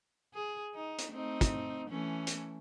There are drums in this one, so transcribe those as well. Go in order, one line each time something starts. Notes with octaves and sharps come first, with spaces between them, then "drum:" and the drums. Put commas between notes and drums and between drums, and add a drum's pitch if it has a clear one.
G#4
D#4
drum: hi-hat
A3 C4 D#4
drum: kick, hi-hat
E3 A3 C#4
drum: hi-hat